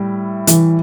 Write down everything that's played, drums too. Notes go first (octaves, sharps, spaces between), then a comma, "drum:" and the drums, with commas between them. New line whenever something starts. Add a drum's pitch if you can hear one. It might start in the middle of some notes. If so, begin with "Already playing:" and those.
Already playing: A2 G3 E4
E3, drum: hi-hat